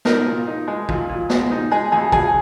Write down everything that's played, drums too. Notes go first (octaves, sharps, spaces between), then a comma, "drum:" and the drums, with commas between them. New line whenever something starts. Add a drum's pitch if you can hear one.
D#4 A#4, drum: snare
A#2
D#4
G#3
A#2, drum: kick
A#2
G#3, drum: snare
D#4
G#3 G#4
F2 G#4
F3 G#4, drum: kick